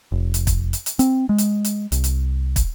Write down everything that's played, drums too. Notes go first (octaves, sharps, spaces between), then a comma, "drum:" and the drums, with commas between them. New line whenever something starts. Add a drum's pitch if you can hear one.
F1
drum: hi-hat
drum: kick, hi-hat
drum: hi-hat
drum: hi-hat
C4, drum: hi-hat
G#3
drum: hi-hat
drum: hi-hat
C2, drum: hi-hat
drum: hi-hat
drum: kick, hi-hat